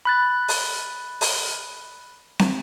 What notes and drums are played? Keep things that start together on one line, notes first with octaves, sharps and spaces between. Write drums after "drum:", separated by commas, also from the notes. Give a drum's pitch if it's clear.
B5 F#6 A6
drum: open hi-hat
drum: open hi-hat
drum: snare